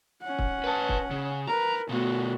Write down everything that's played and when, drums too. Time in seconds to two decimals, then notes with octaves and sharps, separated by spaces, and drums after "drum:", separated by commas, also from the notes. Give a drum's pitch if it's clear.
0.22 C#4 F#5
0.39 drum: kick
0.64 B4 A5
0.89 drum: kick
1.11 C#3
1.48 A#4 B4 A#5
1.89 B2 A3 B3 F#4